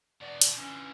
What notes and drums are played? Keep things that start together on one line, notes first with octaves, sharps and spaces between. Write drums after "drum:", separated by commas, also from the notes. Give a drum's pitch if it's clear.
E2 B2 D5
drum: hi-hat
D3 E3 C#4